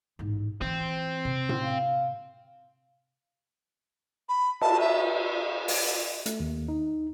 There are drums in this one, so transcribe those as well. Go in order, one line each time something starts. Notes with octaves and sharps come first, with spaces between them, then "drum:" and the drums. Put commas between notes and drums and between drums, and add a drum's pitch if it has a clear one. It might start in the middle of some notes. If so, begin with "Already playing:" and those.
A1 G#2
E3 C4 F4
C3
drum: tom A2
F5
B5
A5, drum: cymbal
E5
drum: open hi-hat
A3, drum: hi-hat
D#2
D#4